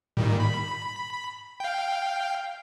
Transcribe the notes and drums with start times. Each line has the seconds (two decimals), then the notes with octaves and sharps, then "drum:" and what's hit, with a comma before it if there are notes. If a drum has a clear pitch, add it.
0.17 A#2 D#3 G3, drum: tom G#2
0.40 B5
1.60 F5 G5